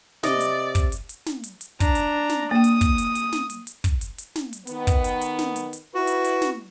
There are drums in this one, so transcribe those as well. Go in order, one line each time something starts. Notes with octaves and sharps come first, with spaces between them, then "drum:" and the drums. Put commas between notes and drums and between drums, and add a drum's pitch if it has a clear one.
C3 D5 D#5, drum: snare
drum: hi-hat
drum: kick, hi-hat
drum: hi-hat
drum: hi-hat
drum: snare
drum: hi-hat
drum: hi-hat
D4 A#5, drum: kick, hi-hat
drum: hi-hat
drum: snare
A#3 G5 D#6
drum: hi-hat
drum: kick, hi-hat
drum: hi-hat
drum: hi-hat
drum: snare
drum: hi-hat
drum: hi-hat
drum: kick, hi-hat
drum: hi-hat
drum: hi-hat
drum: snare
drum: hi-hat
D#3 B3, drum: hi-hat
drum: kick, hi-hat
drum: hi-hat
drum: hi-hat
drum: snare
drum: hi-hat
drum: hi-hat
E4 F#4 B4
drum: hi-hat
drum: hi-hat
drum: snare